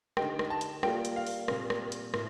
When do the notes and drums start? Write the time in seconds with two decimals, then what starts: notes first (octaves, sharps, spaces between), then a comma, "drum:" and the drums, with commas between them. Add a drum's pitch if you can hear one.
0.17 D3 A3 D#4 G4 G5, drum: rim click
0.39 drum: rim click
0.50 A5
0.61 drum: hi-hat
0.83 G3 A#3 F4 A4 G5, drum: rim click
1.05 drum: hi-hat
1.16 F5
1.27 drum: open hi-hat
1.48 A#2 G3 C4, drum: rim click
1.70 drum: rim click
1.92 drum: hi-hat
2.14 A2, drum: rim click